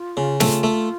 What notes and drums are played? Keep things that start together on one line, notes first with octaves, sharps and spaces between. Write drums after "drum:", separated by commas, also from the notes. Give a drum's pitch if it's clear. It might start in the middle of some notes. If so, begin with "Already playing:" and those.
Already playing: F4
C#3
A3 F4, drum: snare
A3